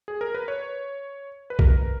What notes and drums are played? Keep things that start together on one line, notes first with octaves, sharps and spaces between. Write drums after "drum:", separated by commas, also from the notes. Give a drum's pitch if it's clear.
G#4
A#4
B4
C#5
B4
A#4, drum: kick B1